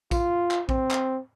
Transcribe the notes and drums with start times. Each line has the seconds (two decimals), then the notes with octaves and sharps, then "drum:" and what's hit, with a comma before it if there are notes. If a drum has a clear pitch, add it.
0.11 F4, drum: kick A#1, tambourine
0.51 drum: clap
0.69 C4, drum: kick A#1
0.91 drum: clap